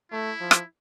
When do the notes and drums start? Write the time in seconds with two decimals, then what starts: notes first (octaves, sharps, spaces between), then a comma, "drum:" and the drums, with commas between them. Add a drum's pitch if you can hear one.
0.12 A3 E4
0.41 F3
0.51 drum: rim click